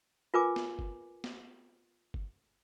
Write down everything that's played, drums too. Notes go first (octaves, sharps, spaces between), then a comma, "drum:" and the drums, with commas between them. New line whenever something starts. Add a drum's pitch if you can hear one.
F4 A#4 B4 G#5 D6
drum: snare
drum: kick G1
drum: snare
drum: kick G1